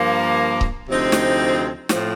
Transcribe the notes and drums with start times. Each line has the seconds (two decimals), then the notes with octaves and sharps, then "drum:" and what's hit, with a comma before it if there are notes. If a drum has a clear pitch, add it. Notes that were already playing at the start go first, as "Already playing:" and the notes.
Already playing: G2 F3 A#3
0.61 drum: kick C#1
0.87 D2 C3 F3 C4 D#4
1.12 drum: snare
1.89 A2 F3 C4, drum: snare